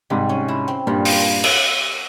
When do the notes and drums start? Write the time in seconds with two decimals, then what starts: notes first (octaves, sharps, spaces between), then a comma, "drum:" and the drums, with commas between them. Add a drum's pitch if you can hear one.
0.10 G#2 C3 G3
0.29 C#4
0.48 E4
0.68 C4
0.87 G2 A#2 G3
1.05 F4, drum: open hi-hat
1.44 drum: cymbal